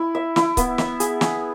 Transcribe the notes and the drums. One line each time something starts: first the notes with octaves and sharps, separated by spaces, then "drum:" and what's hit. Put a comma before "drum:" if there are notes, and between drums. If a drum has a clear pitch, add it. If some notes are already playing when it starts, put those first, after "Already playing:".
Already playing: E4
E5
E4, drum: snare
B3, drum: kick C#1, hi-hat
E5, drum: snare
G#4, drum: hi-hat
G#4, drum: snare